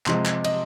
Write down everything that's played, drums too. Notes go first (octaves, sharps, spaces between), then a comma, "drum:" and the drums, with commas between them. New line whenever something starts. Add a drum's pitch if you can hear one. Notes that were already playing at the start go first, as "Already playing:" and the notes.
C3 F3 G#3 C6, drum: clap
drum: clap
D#5, drum: cymbal